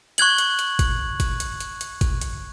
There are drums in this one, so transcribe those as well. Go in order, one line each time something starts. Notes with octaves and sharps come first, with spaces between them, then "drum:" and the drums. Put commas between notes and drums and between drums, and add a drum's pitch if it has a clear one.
C#6 F#6 G#6 F#7, drum: hi-hat
drum: hi-hat
drum: hi-hat
drum: kick G1, hi-hat
drum: kick G1, hi-hat
drum: hi-hat
drum: hi-hat
drum: hi-hat
drum: kick G1, hi-hat
drum: hi-hat